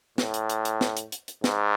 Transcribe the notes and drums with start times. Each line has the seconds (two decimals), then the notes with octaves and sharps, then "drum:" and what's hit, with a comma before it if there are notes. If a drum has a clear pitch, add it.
0.18 A2, drum: snare
0.34 drum: hi-hat
0.50 drum: hi-hat
0.65 drum: hi-hat
0.81 drum: snare
0.97 drum: hi-hat
1.12 drum: hi-hat
1.28 drum: hi-hat
1.44 G#2, drum: snare